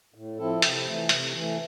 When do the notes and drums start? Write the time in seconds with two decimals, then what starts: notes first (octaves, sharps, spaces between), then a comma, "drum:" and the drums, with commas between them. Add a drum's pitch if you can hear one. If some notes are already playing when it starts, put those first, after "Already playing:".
0.14 A2
0.38 F3 C4 E4 A4
0.62 C3, drum: hi-hat
0.86 E3 A3
1.09 C3, drum: hi-hat
1.33 E3 A3